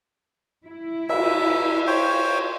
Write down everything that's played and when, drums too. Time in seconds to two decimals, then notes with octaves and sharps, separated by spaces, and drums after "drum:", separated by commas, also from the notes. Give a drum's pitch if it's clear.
0.67 E4
1.09 E5, drum: cymbal
1.87 C5 C#5 G5